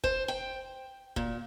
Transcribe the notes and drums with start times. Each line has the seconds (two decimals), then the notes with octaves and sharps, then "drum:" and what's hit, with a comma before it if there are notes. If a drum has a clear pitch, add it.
0.04 C5, drum: kick F1
0.28 G5
1.16 A#2, drum: kick F1